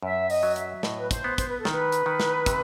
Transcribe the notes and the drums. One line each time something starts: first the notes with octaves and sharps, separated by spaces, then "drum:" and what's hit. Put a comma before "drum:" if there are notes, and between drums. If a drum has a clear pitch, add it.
F#2 E5
D#5, drum: open hi-hat
F#3
E5, drum: hi-hat
A2 D#5, drum: snare
B4
C5, drum: kick, hi-hat
B3
C5, drum: kick, hi-hat
B4
A4
D#3, drum: snare
B4
drum: hi-hat
D#3
drum: snare
C3, drum: kick, hi-hat